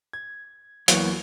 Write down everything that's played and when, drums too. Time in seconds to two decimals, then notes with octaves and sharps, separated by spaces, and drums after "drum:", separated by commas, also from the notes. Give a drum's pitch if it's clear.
0.13 G#6
0.88 E2 E3 F#3 A#3, drum: hi-hat